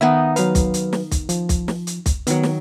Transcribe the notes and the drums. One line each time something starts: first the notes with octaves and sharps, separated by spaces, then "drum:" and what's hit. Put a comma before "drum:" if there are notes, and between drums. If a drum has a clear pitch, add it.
D#3 B3 D#4 E5 F#5
F#3 B4 F5, drum: hi-hat
drum: kick, hi-hat
drum: hi-hat
drum: snare
drum: kick, hi-hat
F3, drum: hi-hat
drum: kick, hi-hat
drum: snare
drum: hi-hat
drum: kick, hi-hat
D#3 F#3 B3, drum: hi-hat
drum: snare